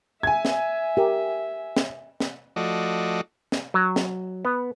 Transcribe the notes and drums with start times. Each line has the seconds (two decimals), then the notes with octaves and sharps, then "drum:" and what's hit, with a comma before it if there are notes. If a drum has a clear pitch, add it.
0.23 E5 G#5 G#6
0.45 drum: snare
0.97 G4 A#4
1.76 drum: snare
2.20 drum: snare
2.56 F3 A3 F#4 D5 D#5
3.52 drum: snare
3.74 F#3
3.96 drum: snare
4.45 B3